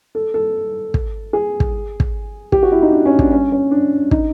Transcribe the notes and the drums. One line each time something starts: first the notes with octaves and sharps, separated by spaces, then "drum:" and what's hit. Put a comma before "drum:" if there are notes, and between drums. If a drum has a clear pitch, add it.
A4
A4
drum: kick
G#4
drum: kick
drum: kick
G4, drum: kick
F#4
E4
D#4
D4
C#4
D4, drum: kick
C#4
C#4
D4
D#4, drum: kick